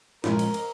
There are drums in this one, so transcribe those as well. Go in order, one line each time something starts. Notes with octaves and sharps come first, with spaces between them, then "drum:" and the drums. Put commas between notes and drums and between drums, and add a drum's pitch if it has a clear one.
A#2 F3 G#3 C#4 A#4, drum: snare
drum: cymbal
drum: cymbal